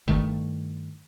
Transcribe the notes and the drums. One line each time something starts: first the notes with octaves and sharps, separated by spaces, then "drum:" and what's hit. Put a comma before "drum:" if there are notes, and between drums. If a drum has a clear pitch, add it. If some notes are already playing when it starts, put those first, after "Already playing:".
G2 D#3 A3, drum: kick